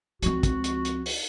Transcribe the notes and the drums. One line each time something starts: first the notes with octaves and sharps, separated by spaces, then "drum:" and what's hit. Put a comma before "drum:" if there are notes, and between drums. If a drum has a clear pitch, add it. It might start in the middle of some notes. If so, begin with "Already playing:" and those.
C#2 F3 C4 F#4, drum: hi-hat
drum: kick, hi-hat
drum: hi-hat
drum: hi-hat
drum: open hi-hat